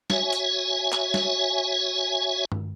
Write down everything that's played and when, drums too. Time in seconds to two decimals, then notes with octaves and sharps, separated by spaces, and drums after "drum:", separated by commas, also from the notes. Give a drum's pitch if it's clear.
0.10 F#4 C#5 E5 G#5, drum: snare
0.33 drum: hi-hat
0.92 drum: clap
1.14 drum: snare
2.52 drum: tom G2